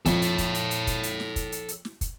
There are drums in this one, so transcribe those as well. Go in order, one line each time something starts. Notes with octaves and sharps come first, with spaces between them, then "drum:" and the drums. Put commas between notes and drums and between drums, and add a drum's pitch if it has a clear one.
F2 A4 C#5, drum: kick, hi-hat
drum: hi-hat
drum: kick, hi-hat
drum: hi-hat
drum: hi-hat
drum: kick, hi-hat
drum: hi-hat
drum: snare
drum: kick, hi-hat
drum: hi-hat
drum: hi-hat
drum: snare
drum: kick, hi-hat